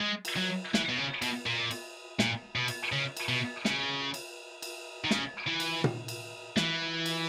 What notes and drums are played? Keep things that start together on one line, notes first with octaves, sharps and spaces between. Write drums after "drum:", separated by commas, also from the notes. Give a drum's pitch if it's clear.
G#3
drum: cymbal
F#3
E3, drum: snare
B2
C#3
B2, drum: cymbal
A#2
drum: cymbal
A#2, drum: snare
B2
drum: cymbal
C#3
drum: cymbal
B2
C#3, drum: snare
drum: cymbal
drum: cymbal
D#3
C#3, drum: snare
E3
drum: cymbal
drum: tom A#2
drum: cymbal
E3, drum: snare
drum: cymbal